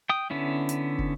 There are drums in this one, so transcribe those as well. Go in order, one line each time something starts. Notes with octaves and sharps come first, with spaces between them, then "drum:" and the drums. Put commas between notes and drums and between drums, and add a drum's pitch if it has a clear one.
G5 D#6
D3 B3 C#4 E4
drum: hi-hat
drum: kick